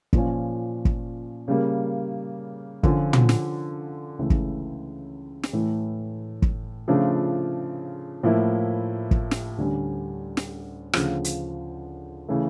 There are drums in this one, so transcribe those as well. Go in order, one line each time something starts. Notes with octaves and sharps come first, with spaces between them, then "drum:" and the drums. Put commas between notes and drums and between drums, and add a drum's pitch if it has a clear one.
A#2 F3 C#4, drum: kick
drum: kick
C#3 G3 A#3
D3 F3 C#4 F4, drum: kick
drum: tom
drum: snare
C#2 C#3 E3 A3
drum: kick
drum: snare
A2 E3 A3
drum: kick
C#3 F3 A3 D4 F4
A2 F3 A#3 E4
drum: kick
drum: snare
D2 D3 G3 C#4
drum: snare
D2 C#3 F3, drum: rim click
drum: hi-hat
C#3 E3 A3